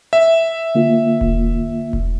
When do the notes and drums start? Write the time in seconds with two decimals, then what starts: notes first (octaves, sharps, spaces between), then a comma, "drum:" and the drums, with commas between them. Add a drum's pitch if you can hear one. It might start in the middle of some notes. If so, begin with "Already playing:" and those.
0.13 E5
0.75 D3 A#3 F4
1.21 drum: kick E1
1.93 drum: kick E1